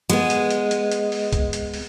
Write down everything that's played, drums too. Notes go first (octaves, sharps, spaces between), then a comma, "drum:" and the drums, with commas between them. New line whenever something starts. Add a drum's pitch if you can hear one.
G#3 B3
drum: hi-hat
drum: hi-hat
drum: hi-hat
drum: hi-hat
drum: open hi-hat
drum: kick, hi-hat
drum: hi-hat
drum: open hi-hat